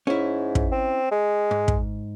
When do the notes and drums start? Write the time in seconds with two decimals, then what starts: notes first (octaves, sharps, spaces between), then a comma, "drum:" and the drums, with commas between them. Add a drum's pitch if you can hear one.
0.07 G#2 C#4 E4
0.55 drum: kick
0.71 C4
1.12 G#3
1.51 G#2
1.68 drum: kick